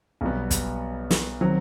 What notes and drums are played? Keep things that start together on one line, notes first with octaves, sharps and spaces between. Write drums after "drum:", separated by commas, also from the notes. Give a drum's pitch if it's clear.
B1 B2 G3 B3
drum: kick, hi-hat
drum: snare
D#3 F#3 C4